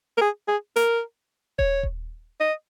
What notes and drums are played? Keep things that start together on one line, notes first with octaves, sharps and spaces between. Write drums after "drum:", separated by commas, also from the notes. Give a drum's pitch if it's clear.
A#4
G#4
G#4
A#4, drum: hi-hat
C#5, drum: kick D#1
drum: kick D#1
D#5